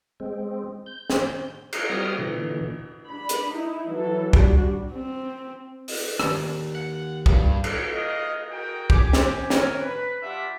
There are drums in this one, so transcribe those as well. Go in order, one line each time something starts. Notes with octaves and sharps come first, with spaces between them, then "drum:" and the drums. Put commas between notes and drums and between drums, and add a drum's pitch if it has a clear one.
G#3 C4
G6
drum: snare
drum: cymbal
G3 C4 D#6 F6
A#2 D3 E3
D4 B5
drum: hi-hat
D#4 E4
E3 F#3 A4
G3 D4 F#4 G4, drum: kick
C4
drum: open hi-hat
D#2, drum: rim click
F#5
G2, drum: kick
drum: cymbal
D#5 F5
F#4 G#4 A#4 G5
G4 G#5 D6, drum: kick
drum: snare
G#4 A#4 C#5 G#5, drum: snare
B4
G3 D4 F4 G4 E5 F#5